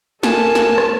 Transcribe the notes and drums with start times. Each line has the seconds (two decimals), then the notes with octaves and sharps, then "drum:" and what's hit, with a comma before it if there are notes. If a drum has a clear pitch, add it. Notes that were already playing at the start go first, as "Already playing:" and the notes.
0.23 A4 A#4 G#5 A5, drum: snare
0.55 drum: snare
0.78 drum: rim click